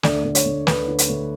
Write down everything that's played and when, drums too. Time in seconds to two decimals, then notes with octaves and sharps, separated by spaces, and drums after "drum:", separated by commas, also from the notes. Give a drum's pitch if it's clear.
0.03 D2 D5, drum: snare
0.24 D2
0.35 C#5, drum: hi-hat
0.45 D2
0.67 D2 B4, drum: snare
0.88 D3
0.98 drum: hi-hat
1.09 D2